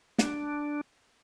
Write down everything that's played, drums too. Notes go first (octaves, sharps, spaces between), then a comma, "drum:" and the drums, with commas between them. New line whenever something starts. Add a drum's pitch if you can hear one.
D4, drum: snare